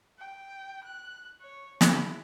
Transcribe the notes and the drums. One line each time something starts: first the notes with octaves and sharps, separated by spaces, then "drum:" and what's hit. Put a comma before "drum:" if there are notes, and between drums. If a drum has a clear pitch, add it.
G5
F#6
C#5
E4, drum: snare